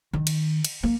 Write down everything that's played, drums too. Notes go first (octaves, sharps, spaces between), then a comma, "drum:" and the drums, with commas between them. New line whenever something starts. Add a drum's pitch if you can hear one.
D#3
drum: cymbal
drum: cymbal
A#3